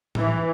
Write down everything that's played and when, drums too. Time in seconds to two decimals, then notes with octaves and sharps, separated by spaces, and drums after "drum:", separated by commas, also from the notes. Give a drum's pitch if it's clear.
0.15 E3, drum: tom A2